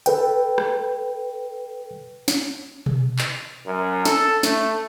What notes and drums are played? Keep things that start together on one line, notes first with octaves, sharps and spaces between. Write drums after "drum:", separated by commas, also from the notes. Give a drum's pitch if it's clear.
A4 B4 G5, drum: hi-hat
drum: rim click
drum: snare
drum: tom B2
drum: clap
F#2
A4, drum: snare
A3, drum: snare